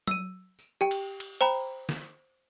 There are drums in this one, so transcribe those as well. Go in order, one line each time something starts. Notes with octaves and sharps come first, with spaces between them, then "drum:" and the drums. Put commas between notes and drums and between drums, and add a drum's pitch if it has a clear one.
E6 D#7, drum: tom F#3
drum: tambourine
G4 G5
drum: cymbal
drum: cymbal
C5 G5 A#5 B5
drum: snare